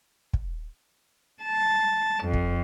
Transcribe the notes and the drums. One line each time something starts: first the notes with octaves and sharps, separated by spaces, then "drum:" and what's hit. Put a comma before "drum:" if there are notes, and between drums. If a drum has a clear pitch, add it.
drum: kick
A5
F2
drum: kick